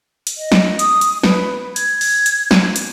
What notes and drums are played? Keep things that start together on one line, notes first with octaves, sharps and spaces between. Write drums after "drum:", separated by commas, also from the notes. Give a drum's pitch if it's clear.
drum: hi-hat
D#5
drum: snare
D#6, drum: hi-hat
drum: hi-hat
B4, drum: snare
G#6, drum: hi-hat
drum: open hi-hat
drum: hi-hat
drum: snare
drum: hi-hat